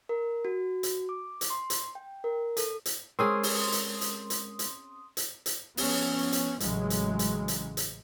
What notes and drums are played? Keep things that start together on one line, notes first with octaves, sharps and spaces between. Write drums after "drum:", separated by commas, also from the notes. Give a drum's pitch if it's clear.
A#4
F#4
drum: hi-hat
D6
drum: hi-hat
C6
drum: hi-hat
G5
A#4
A4, drum: hi-hat
drum: hi-hat
G#3 C4 C#4 G#4 A#4 C6 D#6
drum: open hi-hat
drum: hi-hat
drum: hi-hat
drum: hi-hat
drum: hi-hat
drum: hi-hat
drum: hi-hat
F3 B3 C#4, drum: open hi-hat
drum: hi-hat
A1 A2 C#3 E3 F#3 G#3, drum: hi-hat
drum: hi-hat
drum: hi-hat
drum: hi-hat
drum: hi-hat